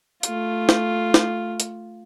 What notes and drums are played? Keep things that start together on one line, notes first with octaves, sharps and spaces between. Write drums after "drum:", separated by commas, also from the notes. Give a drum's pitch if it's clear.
A3 F4, drum: hi-hat
drum: snare
drum: snare
drum: hi-hat